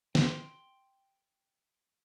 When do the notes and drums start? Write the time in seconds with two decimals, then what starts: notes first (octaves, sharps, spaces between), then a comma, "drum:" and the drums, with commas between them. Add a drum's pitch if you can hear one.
0.15 G5 C6, drum: snare